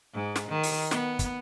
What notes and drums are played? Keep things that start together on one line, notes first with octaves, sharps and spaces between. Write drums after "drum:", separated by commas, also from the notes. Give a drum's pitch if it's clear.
G#2
drum: snare
D#3
drum: open hi-hat
B3, drum: snare
drum: kick, hi-hat